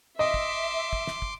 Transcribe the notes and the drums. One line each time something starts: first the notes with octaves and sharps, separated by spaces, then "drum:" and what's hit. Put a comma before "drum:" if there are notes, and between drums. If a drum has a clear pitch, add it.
D#5 E5 C6 D6
drum: kick
drum: kick
drum: snare
drum: kick